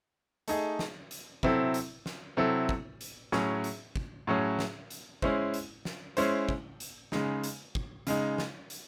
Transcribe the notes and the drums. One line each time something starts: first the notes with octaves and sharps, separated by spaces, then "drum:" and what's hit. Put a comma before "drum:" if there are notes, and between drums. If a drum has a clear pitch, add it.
A3 D#4 G#4, drum: hi-hat
drum: snare
drum: hi-hat
C3 F#3 C4 E4 A4, drum: kick
drum: hi-hat
drum: snare
C3 F#3 C4 E4 A4
drum: kick
drum: hi-hat
A2 F#3 C#4 G#4, drum: snare
drum: hi-hat
drum: kick
A2 F#3 C#4 G#4
drum: snare
drum: hi-hat
G#3 C#4 E4 C5, drum: kick
drum: hi-hat
drum: snare
G#3 C#4 E4 C5, drum: hi-hat
drum: kick
drum: hi-hat
C#3 G#3 D#4, drum: snare
drum: hi-hat
drum: kick
C#3 G#3 D#4, drum: hi-hat
drum: snare
drum: hi-hat